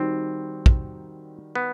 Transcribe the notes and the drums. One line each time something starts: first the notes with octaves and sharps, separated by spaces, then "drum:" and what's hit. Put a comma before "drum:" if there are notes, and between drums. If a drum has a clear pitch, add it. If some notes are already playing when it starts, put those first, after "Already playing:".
Already playing: D#3 G3 C4 D#4 F#4
drum: kick
B3